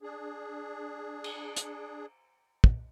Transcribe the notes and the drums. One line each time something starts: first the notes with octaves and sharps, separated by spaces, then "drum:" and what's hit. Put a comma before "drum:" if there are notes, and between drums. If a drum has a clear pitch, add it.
D4 G#4
drum: cymbal
drum: hi-hat
drum: kick